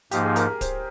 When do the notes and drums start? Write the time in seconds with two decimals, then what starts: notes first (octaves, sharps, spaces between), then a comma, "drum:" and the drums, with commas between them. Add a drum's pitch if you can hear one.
0.11 G#2 F3 A#3 D#4 G4, drum: hi-hat
0.24 G#4
0.36 A#4, drum: hi-hat
0.49 A#4
0.61 C5, drum: kick D1, hi-hat